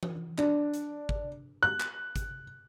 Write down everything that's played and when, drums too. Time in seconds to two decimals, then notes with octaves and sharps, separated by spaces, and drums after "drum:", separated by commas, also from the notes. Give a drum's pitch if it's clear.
0.03 drum: tom E3
0.38 D4, drum: clap
0.74 drum: hi-hat
1.09 drum: kick
1.63 F#6
1.80 drum: clap
2.16 drum: kick, hi-hat